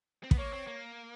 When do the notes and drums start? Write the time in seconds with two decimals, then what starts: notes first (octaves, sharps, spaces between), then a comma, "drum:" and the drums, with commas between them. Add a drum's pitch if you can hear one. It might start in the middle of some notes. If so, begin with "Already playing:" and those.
0.24 C4
0.31 B3, drum: kick
0.38 A#3 C#5
0.53 C4
0.67 A#3